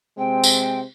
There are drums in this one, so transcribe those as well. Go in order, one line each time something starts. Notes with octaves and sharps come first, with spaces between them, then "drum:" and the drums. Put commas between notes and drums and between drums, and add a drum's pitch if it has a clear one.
C3 G#3 C4 G5
drum: tambourine